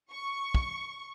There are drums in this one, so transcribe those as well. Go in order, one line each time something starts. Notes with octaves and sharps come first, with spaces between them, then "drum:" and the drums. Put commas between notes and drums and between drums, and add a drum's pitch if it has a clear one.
C#6
drum: kick